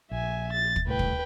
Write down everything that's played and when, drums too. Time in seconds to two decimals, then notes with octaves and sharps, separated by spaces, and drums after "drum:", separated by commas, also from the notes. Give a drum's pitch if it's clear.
0.11 A#1 E5 G#5
0.53 A6
0.76 drum: kick
0.87 C2 A2 B4 G5
0.99 drum: kick